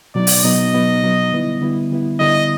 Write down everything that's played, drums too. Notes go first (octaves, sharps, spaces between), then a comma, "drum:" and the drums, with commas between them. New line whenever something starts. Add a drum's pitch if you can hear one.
B2 F#3 B3 D#4 D5
drum: open hi-hat
B2 F#3 B3 D#4 D#5
B2 F#3 B3 D#4
B2 F#3 B3 D#4
D3 G3 B3 E4
D3 G3 B3 E4
D3 G3 B3 E4
D3 G3 B3 E4 D#5